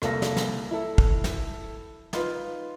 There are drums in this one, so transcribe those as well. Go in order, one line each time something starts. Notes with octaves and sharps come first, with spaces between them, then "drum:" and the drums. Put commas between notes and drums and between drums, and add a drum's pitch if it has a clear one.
C2 A#3 A4 F5 A#6, drum: rim click
drum: snare
drum: snare
E4 A4
drum: kick
drum: snare
D#4 F4 B4, drum: snare